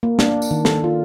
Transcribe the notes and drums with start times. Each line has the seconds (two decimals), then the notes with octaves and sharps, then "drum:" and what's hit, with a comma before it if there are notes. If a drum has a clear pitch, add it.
0.03 A#3
0.19 D4, drum: snare
0.42 drum: tambourine
0.51 D#3
0.65 A4, drum: snare
0.84 F4